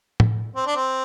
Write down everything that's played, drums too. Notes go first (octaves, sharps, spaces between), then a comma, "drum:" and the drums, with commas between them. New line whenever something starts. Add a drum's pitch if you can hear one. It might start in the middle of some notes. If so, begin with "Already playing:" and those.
drum: tom A2
C4
D4
C4